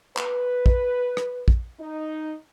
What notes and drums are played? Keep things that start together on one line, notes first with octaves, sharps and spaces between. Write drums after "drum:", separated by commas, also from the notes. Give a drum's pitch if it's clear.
B4, drum: clap
drum: kick
drum: rim click
drum: kick
D#4